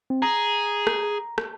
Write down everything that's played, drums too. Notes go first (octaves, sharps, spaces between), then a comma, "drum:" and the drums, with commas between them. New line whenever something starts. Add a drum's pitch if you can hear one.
C4
G#4 A#5
drum: rim click
drum: rim click